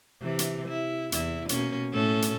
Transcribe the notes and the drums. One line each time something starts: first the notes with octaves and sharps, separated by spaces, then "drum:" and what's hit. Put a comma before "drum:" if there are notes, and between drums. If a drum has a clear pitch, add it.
C3 E3
drum: hi-hat
E4
E2 E4, drum: hi-hat
B2 A#3 C#4, drum: hi-hat
A2 C#4 A4
drum: hi-hat